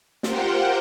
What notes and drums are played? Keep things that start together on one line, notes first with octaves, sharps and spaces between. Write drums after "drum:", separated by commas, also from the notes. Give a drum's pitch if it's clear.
F4 G4 A#4 C5 F#5 G5, drum: snare